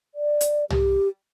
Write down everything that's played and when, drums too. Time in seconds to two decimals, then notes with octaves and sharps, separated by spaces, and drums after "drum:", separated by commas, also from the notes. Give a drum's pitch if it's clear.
0.15 D5
0.41 drum: hi-hat
0.70 G4, drum: tom